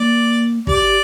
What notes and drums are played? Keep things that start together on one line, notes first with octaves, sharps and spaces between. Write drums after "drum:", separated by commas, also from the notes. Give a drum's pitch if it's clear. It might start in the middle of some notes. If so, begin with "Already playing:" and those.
Already playing: A#3 D5
G4 D5, drum: kick
G4